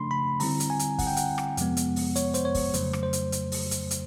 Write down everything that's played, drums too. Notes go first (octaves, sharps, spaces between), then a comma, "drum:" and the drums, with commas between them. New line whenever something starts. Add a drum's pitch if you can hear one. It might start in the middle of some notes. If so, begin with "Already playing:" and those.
Already playing: C#3 F3 A3 D4 B5 C6
B5
D3 G3 C4 E4 A#5, drum: open hi-hat
drum: hi-hat
G#5
drum: hi-hat
F#5, drum: kick, open hi-hat
G5
F#5, drum: hi-hat
drum: rim click
F2 C3 F3 G#3 B3, drum: hi-hat
drum: hi-hat
drum: open hi-hat
C#5, drum: hi-hat
C5, drum: hi-hat
C#5
drum: kick, open hi-hat
F2 C#3 F#3 A3 C5, drum: hi-hat
drum: rim click
C5
drum: hi-hat
drum: hi-hat
drum: open hi-hat
drum: hi-hat
drum: hi-hat